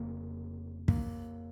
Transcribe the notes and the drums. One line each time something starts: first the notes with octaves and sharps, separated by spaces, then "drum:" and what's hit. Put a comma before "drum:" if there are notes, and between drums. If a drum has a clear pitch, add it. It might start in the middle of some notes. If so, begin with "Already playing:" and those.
Already playing: F1 F2 C#3 A#3
A#3, drum: kick